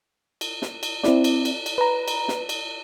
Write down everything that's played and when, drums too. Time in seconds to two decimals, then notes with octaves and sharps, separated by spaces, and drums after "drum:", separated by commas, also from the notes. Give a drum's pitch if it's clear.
0.41 drum: cymbal
0.62 drum: snare
0.83 drum: cymbal
1.04 C4 E4 D5, drum: snare
1.24 drum: cymbal
1.45 drum: cymbal
1.66 drum: cymbal
1.78 B4 A#5
2.08 drum: cymbal
2.28 drum: snare
2.49 drum: cymbal